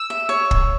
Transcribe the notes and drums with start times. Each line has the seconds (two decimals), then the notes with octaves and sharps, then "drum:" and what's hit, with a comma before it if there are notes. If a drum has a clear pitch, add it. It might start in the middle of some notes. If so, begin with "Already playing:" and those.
Already playing: E6
0.10 E5
0.29 C#5
0.51 drum: kick